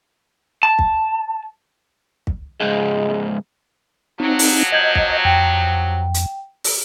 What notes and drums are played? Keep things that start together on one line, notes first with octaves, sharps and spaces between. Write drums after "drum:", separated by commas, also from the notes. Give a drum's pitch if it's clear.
A5
drum: kick
drum: kick
C#2 G#2 G#3
C3 F3 F#3 C4 D#4
drum: open hi-hat
D#5 G6 G#6 F#7
drum: kick
F2 G5
drum: hi-hat
drum: open hi-hat